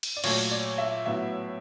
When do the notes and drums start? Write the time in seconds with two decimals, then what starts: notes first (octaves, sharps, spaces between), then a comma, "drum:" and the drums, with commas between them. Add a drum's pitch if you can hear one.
0.03 drum: cymbal
0.17 D5
0.24 A#2 F#3 A3 C#5, drum: cymbal
0.51 D5
0.78 E5
1.06 A2 F#3 B3 E5